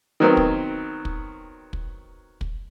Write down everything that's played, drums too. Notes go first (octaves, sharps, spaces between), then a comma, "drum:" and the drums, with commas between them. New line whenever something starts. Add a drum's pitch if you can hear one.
D#3 F#3 B3 C4
drum: kick
drum: kick
drum: kick
drum: kick